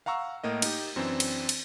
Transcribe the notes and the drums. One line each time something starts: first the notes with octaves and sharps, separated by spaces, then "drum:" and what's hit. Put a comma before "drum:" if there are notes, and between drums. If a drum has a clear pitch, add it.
F5 F#5 A#5 C#6 E6
A2 A#3 D#5
D#4 G4, drum: cymbal
F#2 E3 C4 D4
drum: cymbal
drum: cymbal